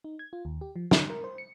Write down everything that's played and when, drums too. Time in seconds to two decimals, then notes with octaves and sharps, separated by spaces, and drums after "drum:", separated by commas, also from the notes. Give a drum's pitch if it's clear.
0.04 D#4
0.19 G#6
0.33 F4
0.45 D#2
0.61 G4
0.76 F3
0.91 D3, drum: snare
1.10 A#4
1.24 C5
1.38 C#7